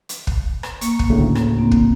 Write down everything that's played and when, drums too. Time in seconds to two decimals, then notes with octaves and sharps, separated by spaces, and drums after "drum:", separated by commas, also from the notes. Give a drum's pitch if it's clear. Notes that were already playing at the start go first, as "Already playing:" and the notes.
0.09 drum: hi-hat
0.27 drum: kick
0.63 drum: rim click
0.81 A#3 C#6, drum: hi-hat
0.99 drum: kick
1.10 D2 A2 C#3
1.35 drum: rim click
1.59 A#3 C4
1.71 drum: kick